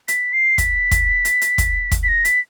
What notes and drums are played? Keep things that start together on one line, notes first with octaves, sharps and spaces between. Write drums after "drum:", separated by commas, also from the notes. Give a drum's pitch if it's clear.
B6, drum: hi-hat
C7
B6, drum: kick, hi-hat
drum: kick, hi-hat
drum: hi-hat
drum: hi-hat
drum: kick, hi-hat
drum: kick, hi-hat
B6
A#6
B6, drum: hi-hat